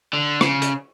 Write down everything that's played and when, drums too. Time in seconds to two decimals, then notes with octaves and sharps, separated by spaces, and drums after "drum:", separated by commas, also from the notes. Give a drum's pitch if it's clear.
0.13 D3
0.41 C#3, drum: rim click
0.62 drum: hi-hat